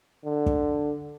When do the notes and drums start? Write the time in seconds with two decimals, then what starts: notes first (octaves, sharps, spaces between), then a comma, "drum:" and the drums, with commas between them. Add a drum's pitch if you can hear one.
0.25 D3
0.46 drum: kick